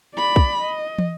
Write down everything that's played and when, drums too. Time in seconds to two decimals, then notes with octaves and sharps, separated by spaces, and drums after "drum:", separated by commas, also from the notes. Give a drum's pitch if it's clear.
0.15 D5 B5
0.36 drum: kick
0.61 D#5
0.98 drum: tom